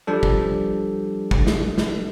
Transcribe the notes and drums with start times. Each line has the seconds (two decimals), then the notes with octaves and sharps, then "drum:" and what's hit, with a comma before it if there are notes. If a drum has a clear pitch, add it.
0.07 F3 G3 D4 A4
0.23 drum: kick
1.31 drum: kick
1.47 drum: snare
1.78 drum: snare